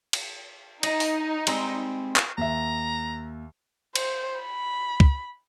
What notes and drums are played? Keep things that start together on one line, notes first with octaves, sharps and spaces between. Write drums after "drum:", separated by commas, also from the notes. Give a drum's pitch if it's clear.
drum: cymbal
D#4 D#5, drum: cymbal
drum: open hi-hat
G3 G#3 C4, drum: cymbal
drum: clap
D#2 E5 A#5
C5, drum: cymbal
B5
drum: kick